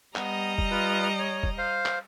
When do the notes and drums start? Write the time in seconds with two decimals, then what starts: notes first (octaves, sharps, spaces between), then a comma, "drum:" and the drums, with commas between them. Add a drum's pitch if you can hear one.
0.16 G3 B3 D#5 A#5, drum: clap
0.58 drum: kick
0.71 F4 B4
1.19 C#5
1.43 drum: kick
1.58 C5 F5
1.86 drum: clap